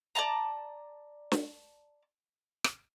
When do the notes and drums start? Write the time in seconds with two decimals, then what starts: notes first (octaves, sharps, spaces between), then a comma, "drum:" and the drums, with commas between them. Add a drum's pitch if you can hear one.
0.15 D5 D#5 A5 A#5
1.32 drum: snare
2.64 drum: rim click